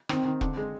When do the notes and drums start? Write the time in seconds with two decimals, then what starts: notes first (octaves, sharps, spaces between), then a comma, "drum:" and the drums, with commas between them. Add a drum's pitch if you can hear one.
0.09 D#3 C4, drum: rim click
0.25 D#3
0.41 D3, drum: kick E1
0.57 G#3